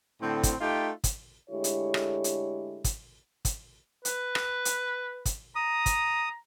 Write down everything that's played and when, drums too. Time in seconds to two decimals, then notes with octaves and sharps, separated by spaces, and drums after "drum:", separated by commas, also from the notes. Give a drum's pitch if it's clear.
0.22 A2 D3 C4
0.43 drum: kick, hi-hat
0.60 A3 D#4 F4 G4 G5
1.04 drum: kick, hi-hat
1.50 D3 G#3 A3 E4 G4 C#5
1.64 drum: hi-hat
1.94 drum: rim click
2.24 drum: hi-hat
2.84 drum: kick, hi-hat
3.45 drum: kick, hi-hat
4.05 B4, drum: hi-hat
4.35 drum: rim click
4.65 drum: hi-hat
5.26 drum: kick, hi-hat
5.56 A#5 D#6
5.86 drum: kick, hi-hat